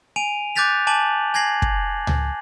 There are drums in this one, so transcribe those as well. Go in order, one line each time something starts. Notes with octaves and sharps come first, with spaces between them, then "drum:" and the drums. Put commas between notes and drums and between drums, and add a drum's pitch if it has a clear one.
G#5 D7 D#7 F7
D6 F#6 G6 A6 B6 F7
G#5 A5 D6 F#7
G#5 G#6 A#6 C7 F#7
drum: kick
drum: tom C#2